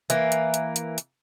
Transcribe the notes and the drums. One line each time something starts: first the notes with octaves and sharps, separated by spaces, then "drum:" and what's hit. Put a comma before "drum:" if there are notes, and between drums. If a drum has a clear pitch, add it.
E3 A#3, drum: hi-hat
drum: hi-hat
drum: hi-hat
drum: hi-hat
drum: hi-hat